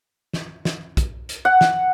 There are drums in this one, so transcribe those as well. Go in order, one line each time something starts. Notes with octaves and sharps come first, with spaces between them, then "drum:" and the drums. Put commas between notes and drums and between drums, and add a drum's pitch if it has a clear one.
drum: snare
drum: snare
drum: kick, hi-hat
drum: hi-hat
F#5
drum: snare